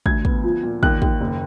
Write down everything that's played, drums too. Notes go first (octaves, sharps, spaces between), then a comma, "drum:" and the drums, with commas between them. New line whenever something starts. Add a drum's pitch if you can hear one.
D2 G#6, drum: kick
B3, drum: kick
F3
A#2
D#2 F#6, drum: kick
D#2, drum: kick
F#1